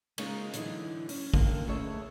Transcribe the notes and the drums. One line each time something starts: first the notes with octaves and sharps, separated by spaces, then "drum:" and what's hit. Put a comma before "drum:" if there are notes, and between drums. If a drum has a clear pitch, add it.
C#3 G#3 A#3 C#4 D#4 F4, drum: cymbal
D3 E3 F#3 D#4 E4, drum: hi-hat
C#4, drum: open hi-hat
D3 A#3 C4, drum: kick
D2 C#4 G#4 A4 C#5 E5